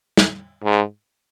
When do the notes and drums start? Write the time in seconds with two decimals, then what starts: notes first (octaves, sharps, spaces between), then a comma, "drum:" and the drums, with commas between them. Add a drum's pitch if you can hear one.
0.17 drum: snare
0.64 G#2